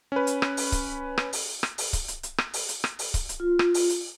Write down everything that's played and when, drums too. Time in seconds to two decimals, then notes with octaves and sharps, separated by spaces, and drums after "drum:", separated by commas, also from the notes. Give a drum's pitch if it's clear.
0.12 C#4 B4
0.27 drum: hi-hat
0.42 drum: rim click
0.57 drum: open hi-hat
0.72 drum: kick C#1, hi-hat
1.18 drum: rim click
1.33 drum: open hi-hat
1.63 drum: rim click
1.78 drum: open hi-hat
1.93 drum: kick C#1, hi-hat
2.08 drum: hi-hat
2.23 drum: hi-hat
2.38 drum: rim click
2.54 drum: open hi-hat
2.69 drum: hi-hat
2.84 drum: rim click
2.99 drum: open hi-hat
3.14 drum: kick C#1, hi-hat
3.29 drum: hi-hat
3.40 F4
3.59 drum: rim click
3.74 drum: open hi-hat
3.89 drum: hi-hat